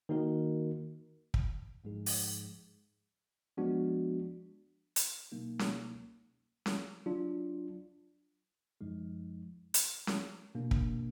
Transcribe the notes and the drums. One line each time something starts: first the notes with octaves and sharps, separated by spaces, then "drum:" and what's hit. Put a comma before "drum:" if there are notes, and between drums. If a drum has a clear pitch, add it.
D#3 A#3 D#4 F#4 A#4
drum: kick
G#2 F3 G#3 D#4 G#4
drum: open hi-hat
F3 G#3 B3 D4 F#4
drum: hi-hat
B2 F#3 A#3 D#4
drum: snare C#4
drum: snare C#4
F#3 D4 F4
F#2 F3 G#3 D#4
drum: hi-hat
drum: snare C#4
B2 A#3 D4
drum: kick